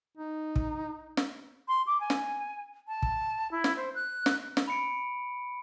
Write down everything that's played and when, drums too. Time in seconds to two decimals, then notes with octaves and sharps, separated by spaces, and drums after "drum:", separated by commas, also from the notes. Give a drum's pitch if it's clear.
0.17 D#4
0.56 drum: kick
1.17 drum: snare
1.68 C6
1.87 D6
2.00 G#5
2.10 drum: snare
2.88 A5
3.02 drum: kick
3.52 E4
3.64 drum: snare
3.77 C5
3.95 F#6
4.26 drum: snare
4.57 drum: snare
4.68 B5 C#7 D7